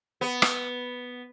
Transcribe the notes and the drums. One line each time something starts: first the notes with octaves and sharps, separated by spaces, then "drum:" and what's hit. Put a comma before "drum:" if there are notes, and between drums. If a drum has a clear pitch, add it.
B3
drum: rim click